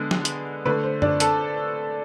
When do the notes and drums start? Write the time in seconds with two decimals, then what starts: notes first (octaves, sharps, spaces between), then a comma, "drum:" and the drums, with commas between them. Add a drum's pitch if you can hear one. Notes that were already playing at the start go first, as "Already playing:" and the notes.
Already playing: D3 G#3 B3
0.11 drum: snare
0.25 drum: hi-hat
0.65 D3 A3 B4
0.84 C5
1.02 D4 D5, drum: tom
1.20 A4 A5, drum: hi-hat